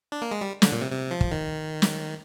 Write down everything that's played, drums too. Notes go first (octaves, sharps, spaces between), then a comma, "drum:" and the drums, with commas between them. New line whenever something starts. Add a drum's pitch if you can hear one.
D4
A#3
G#3
G3
D3, drum: snare
A#2
C3
C3
F3
drum: kick
D#3
drum: snare